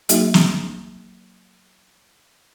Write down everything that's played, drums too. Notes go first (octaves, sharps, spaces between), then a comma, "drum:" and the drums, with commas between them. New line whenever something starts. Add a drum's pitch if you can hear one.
F#3 A#3 D#4 F#4 G#4 E5, drum: hi-hat
drum: snare